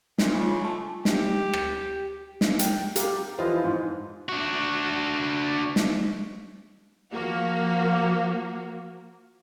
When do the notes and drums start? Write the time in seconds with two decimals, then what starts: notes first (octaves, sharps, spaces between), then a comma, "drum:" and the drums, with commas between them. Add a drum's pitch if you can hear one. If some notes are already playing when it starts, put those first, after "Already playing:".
0.18 A#2 D5, drum: snare
0.34 C#3 D#4 F4 B5
0.64 A3 D#5 G#5
1.05 G4, drum: snare
1.53 drum: rim click
2.41 drum: snare
2.59 G5, drum: hi-hat
2.96 G4 A#4 F5, drum: hi-hat
3.39 E3 F3 F4 B4 C5 D#5
3.64 G#2
4.29 D4 F#4
5.76 drum: snare
7.12 F3 A#3 F#4